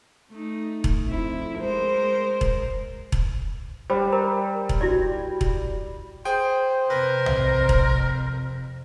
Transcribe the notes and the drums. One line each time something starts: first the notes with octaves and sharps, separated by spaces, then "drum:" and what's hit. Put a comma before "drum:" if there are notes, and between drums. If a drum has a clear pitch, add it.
A3 D#4
drum: kick E1
F2 E4
G#3 A#4 C5
drum: kick E1
drum: kick E1
G3 C5
A#4 C5 A#5
drum: kick E1
E4 F#4 D5
drum: kick E1
G#4 C5 G5
F2 C3 A#4 B4
drum: tom
drum: kick E1